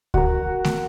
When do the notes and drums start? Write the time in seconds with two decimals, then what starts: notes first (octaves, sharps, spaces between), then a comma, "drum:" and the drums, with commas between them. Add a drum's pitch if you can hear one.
0.14 F#4 A#4, drum: kick C#2
0.64 drum: snare A3